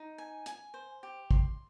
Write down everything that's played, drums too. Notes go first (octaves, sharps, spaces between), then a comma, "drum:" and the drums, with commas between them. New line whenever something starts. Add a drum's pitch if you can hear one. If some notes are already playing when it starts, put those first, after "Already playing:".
Already playing: D#4
G#5
G#5, drum: hi-hat
C5
G4
C6, drum: kick